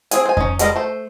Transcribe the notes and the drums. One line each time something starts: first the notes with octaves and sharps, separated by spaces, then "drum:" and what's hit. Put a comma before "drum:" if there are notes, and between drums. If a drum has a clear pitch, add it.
C4 G#4 G#5, drum: hi-hat
C5 G#5
C#4 D#4, drum: kick F2
G3 G#3 A#4 B4 D#5, drum: hi-hat
A3 C5